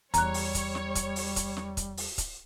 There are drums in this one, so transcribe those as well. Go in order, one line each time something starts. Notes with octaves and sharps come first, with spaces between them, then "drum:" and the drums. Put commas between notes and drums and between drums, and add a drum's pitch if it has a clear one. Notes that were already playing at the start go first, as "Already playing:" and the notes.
E2 G3 C#5 A#5 F#6, drum: kick C#1, hi-hat
drum: open hi-hat
drum: kick C#1, hi-hat
drum: snare
drum: kick C#1, hi-hat
drum: open hi-hat
drum: kick C#1, hi-hat
drum: snare
drum: kick C#1, hi-hat
drum: open hi-hat
drum: kick C#1, hi-hat